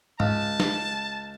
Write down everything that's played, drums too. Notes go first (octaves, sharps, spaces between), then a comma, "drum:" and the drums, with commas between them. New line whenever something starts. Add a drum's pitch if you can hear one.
C#2 A5, drum: tom G#2
drum: snare